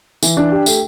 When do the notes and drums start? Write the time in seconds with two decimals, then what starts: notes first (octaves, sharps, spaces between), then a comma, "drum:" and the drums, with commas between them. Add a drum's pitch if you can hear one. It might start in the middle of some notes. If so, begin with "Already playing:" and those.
0.23 E3, drum: tambourine
0.37 D4
0.52 G4
0.66 A3, drum: tambourine